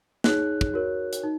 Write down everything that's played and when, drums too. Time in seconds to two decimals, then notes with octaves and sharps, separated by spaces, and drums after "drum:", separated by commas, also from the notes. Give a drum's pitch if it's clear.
0.24 D#4 G#4 C#5 F#6, drum: snare
0.61 drum: kick
0.74 F#4 A#4 C#5
1.13 drum: hi-hat
1.23 D#4